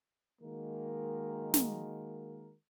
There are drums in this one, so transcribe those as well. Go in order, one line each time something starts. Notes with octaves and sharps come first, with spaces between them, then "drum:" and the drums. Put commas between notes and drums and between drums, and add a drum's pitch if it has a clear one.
D#3 G#3 A#3 F#4 A#4
drum: snare